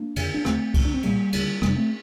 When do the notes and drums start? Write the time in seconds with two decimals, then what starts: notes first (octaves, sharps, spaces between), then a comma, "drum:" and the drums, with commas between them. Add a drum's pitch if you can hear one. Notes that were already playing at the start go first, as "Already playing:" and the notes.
Already playing: A#3 D4
0.16 F2 D3, drum: cymbal
0.34 D4
0.45 D#2 D3 A3 C4, drum: rim click
0.74 D#2 D3, drum: kick C2, cymbal
0.85 D4
0.94 C4
1.03 C2 A#2 G3 A#3, drum: cymbal
1.33 D2 D3, drum: cymbal
1.62 F2 C3 G3 A#3, drum: rim click
1.69 D4
1.76 A3 C4